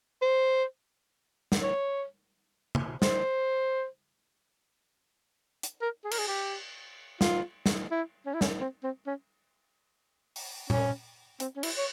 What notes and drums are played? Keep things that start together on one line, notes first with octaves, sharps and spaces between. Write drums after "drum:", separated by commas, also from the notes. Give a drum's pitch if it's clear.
C5
drum: snare
C#5
drum: tom
C5, drum: snare
drum: hi-hat
A#4
G#4
A#4, drum: cymbal
G#4
G4
F4, drum: snare
drum: snare
E4
C#4
E4
C#4, drum: snare
C4
C4
C#4
drum: open hi-hat
C#4, drum: tom A#2
C4, drum: hi-hat
C#4
E4, drum: cymbal
C#5